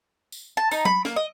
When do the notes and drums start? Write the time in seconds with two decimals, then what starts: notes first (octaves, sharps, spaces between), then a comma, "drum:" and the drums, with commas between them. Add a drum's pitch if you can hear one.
0.32 drum: tambourine
0.57 A5
0.71 D#4, drum: tambourine
0.85 B5, drum: tom F#3
1.05 A#3, drum: snare
1.16 D#5